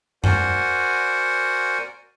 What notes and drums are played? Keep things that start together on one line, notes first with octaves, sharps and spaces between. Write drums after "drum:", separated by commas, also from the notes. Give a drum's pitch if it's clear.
F#4 A#4 C5 D5 F#5 G#5, drum: tom F#2